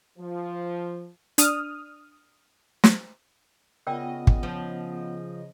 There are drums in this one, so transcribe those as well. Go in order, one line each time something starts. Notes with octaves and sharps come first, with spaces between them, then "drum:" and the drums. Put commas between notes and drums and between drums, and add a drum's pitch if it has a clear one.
F3
D4 D#6 F6, drum: hi-hat
drum: snare
C#3 B3 F4 A#4 D5 D#5 F#5 G5
drum: kick
F3